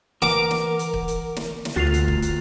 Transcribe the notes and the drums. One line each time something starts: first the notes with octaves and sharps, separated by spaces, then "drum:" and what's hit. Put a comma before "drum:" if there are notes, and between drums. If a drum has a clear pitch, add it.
E3 A#4 F#5 D6, drum: snare
drum: snare
drum: hi-hat
drum: kick
drum: hi-hat
drum: snare
drum: snare
D2 A3 F4 F#4 A6 C7 F7
drum: hi-hat
drum: kick
drum: hi-hat